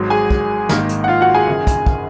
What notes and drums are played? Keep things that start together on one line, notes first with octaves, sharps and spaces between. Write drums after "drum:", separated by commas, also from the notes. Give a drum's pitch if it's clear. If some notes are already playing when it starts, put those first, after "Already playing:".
Already playing: G#1 G#2 F#3
G#4 G#5
drum: kick
G#1 G#2 D#3 A#3 D#4, drum: snare
drum: hi-hat
F#5
F4 F5
F#4 F#5
G#4 G#5
F#1 F#2 D#3
drum: kick, hi-hat
drum: kick